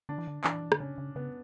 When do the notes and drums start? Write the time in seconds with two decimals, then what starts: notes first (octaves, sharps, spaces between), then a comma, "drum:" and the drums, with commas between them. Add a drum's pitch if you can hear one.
0.09 D3 D4
0.18 E3
0.27 D3
0.44 E3 D4, drum: clap
0.72 D3, drum: rim click
0.80 C#3 C#4
0.98 C#3
1.16 C#3 B3